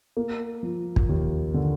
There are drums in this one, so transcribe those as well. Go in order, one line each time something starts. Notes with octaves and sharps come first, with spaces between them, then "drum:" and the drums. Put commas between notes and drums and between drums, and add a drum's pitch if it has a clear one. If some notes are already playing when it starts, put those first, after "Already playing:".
A#3
F3
drum: kick
D#2
D3